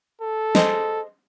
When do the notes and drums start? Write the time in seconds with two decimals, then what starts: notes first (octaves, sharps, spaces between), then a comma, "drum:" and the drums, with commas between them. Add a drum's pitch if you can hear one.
0.21 A4
0.55 G#4 C5 D#5, drum: snare